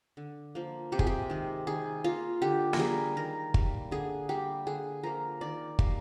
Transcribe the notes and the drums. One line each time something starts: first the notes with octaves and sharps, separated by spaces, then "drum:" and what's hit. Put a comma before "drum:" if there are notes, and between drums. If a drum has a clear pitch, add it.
D3
F3 A#3
C3 G4
G#4, drum: kick
G4
D#3 G#3
D#3 G#4
A#3 F4
D3 G4
A#4, drum: snare
G3 A#3 G#4
D#3 A#4
G3 A#3, drum: kick
D3 G#4
G3 A#3 G4
D3 G#4
F3 A#3 A#4
D#3 D5
G3 A#3, drum: kick